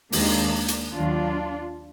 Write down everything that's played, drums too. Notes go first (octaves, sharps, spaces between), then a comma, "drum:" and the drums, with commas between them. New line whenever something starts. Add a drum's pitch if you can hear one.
D#2 D#3 G#3 A#3 D4, drum: open hi-hat
drum: hi-hat
D#2 D#3 F#3 D4 F4